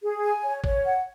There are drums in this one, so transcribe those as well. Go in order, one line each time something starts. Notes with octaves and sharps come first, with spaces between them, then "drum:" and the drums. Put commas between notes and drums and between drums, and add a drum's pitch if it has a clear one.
G#4
G#5
C#5
C#5, drum: kick
F#5